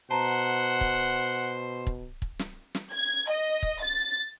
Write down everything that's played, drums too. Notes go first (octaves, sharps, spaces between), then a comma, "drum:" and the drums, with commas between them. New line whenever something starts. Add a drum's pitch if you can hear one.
B2 C5 F#5 A5 A#5
drum: kick
drum: kick
drum: kick
drum: snare
drum: snare
G#6
D#5
drum: kick
A6